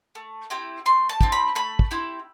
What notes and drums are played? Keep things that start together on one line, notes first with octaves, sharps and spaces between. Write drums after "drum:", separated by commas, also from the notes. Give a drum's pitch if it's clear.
A3
C4 E4 G4
A3 C6
A5
C4 E4 G4, drum: kick
B5
A3 B5
drum: kick
C4 E4 G4